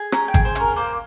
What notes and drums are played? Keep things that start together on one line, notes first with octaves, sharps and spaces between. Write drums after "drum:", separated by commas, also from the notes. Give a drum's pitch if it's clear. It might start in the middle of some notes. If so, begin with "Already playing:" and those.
Already playing: G#4
C#4 A#5, drum: rim click
G5
G#4, drum: kick G#1, hi-hat
C5
C#4 A#4, drum: hi-hat
A#3 C5